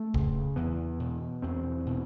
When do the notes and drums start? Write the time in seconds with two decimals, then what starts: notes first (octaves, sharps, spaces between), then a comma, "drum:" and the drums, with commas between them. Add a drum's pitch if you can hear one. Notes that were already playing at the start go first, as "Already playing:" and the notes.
Already playing: A3
0.14 C#3, drum: kick
0.56 E2 B3
1.00 B2
1.42 E2 C4
1.86 B2